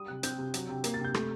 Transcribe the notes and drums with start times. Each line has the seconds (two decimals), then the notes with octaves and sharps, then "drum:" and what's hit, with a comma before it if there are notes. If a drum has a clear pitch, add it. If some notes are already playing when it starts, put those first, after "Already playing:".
Already playing: G3 D#6
0.08 C3 F#6
0.23 C4 G6, drum: hi-hat
0.38 C3
0.54 F#3, drum: hi-hat
0.69 C3
0.84 A#3, drum: hi-hat
0.94 A6
0.99 C3
1.05 G6
1.14 A3, drum: rim click